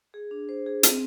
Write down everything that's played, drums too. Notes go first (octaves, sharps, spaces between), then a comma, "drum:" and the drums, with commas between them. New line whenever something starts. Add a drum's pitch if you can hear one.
G#4
D4
C5
G#4
C4, drum: hi-hat